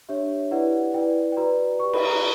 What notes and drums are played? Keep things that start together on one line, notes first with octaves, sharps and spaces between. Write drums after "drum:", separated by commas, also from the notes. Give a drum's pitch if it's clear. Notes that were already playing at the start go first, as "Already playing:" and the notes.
D4 G4 C#5 E5
E4 G4 B4 D5 F#5
E4 B4 D5 G5
G5
F#4 B4 D5 A#5
G4 B4 D5 C#6
B5, drum: cymbal
A#5